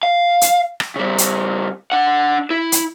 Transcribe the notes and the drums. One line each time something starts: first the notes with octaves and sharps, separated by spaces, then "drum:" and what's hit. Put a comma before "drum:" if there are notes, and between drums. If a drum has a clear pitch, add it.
F5
drum: hi-hat
drum: rim click
C#3 G3
drum: hi-hat
D4 F#5
E4
drum: hi-hat